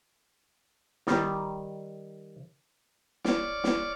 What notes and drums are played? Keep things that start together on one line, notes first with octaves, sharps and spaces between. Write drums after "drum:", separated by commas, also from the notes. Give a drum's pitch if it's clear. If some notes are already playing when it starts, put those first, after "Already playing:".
D#3 G3, drum: snare
C#5 D5 D6 F6, drum: snare
drum: snare